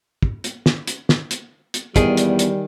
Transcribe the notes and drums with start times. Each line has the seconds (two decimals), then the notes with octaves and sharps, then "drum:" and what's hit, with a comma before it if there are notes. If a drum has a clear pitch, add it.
0.23 drum: kick
0.44 drum: hi-hat
0.66 drum: snare
0.87 drum: hi-hat
1.09 drum: snare
1.31 drum: hi-hat
1.74 drum: hi-hat
1.96 E2 D#3 G3 G#4, drum: kick, hi-hat
2.17 drum: hi-hat
2.39 drum: hi-hat